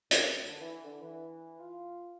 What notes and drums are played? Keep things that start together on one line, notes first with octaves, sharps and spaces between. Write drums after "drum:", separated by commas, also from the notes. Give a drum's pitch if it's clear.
F#2, drum: hi-hat
D3
E3
D3
E3
F4